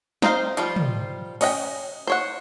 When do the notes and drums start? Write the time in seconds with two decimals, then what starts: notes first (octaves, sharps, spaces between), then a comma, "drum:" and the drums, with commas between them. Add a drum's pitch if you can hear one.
0.22 C4 D#4 C5 F5, drum: snare
0.57 F3 G3 F4, drum: hi-hat
0.76 drum: tom
1.41 C#4 D#5 F#5 G5, drum: cymbal
2.07 C5 C#5 F#5